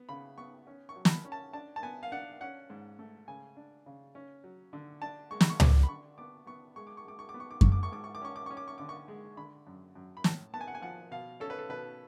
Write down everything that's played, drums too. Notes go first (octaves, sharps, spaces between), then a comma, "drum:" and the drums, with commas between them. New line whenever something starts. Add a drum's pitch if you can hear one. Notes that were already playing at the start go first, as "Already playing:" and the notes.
Already playing: B3
C#3 B5
B3 C#6
C#4
C#6
F#3
A5, drum: snare
B5
C#4
A5
D4 A5
A5
B3 G#5
F5
D4 F#5
C#4 F#5
G#2
A3
C#3 G#5
D4
C#3
C#4
F#3
D3
D4 A5
G#3 C#6
B5, drum: snare
C#6
D4 D6, drum: tom C#2
B5
D3 C#6
B3 D6
B3 C#6
G#3 C#6
D6
C#6
G#3 D6
C#6
D6
B3
C#6
D6
G#2 C#6, drum: kick F#2
D6
C#6
G#2 D6
C#6
D6
C#4 C#6
D6
C#4 C#6
D6
C#6
D3 D6
C#6
G#3
D3 B5
F#2
F#2
B5
A2 A5, drum: snare
B3 A5
G#5
F#5
G#5
F3 F#5
B2 F5
C#4 A4
B4
A4
B2 B4